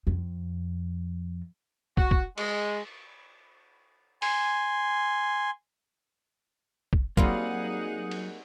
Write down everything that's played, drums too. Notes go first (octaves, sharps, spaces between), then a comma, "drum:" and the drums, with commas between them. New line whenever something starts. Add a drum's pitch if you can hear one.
F2
F#4, drum: kick
drum: kick
G#3, drum: cymbal
G#5 C6, drum: open hi-hat
drum: kick
F#3 G3 A#3 C4 D#4 F4 G#4 F#5, drum: kick
drum: cymbal